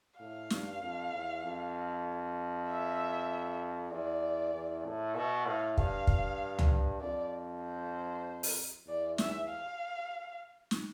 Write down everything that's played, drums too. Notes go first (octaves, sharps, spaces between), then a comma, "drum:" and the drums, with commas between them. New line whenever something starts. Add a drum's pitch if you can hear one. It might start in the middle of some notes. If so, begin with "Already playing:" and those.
A2 F5
G2, drum: snare
F2
E2
F2
E5
E2 D5
E2
A2
B2 E5
A2 F5
G2 F5, drum: kick
drum: kick
drum: tom C#2
F2 D5
C5
drum: open hi-hat
E2 D5
E5, drum: snare
F5
drum: snare